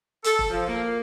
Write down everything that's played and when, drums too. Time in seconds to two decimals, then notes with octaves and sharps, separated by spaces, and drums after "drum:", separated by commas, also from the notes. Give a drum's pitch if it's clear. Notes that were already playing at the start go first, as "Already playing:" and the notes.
0.24 A4, drum: hi-hat
0.39 drum: kick E1
0.49 F3
0.67 A#3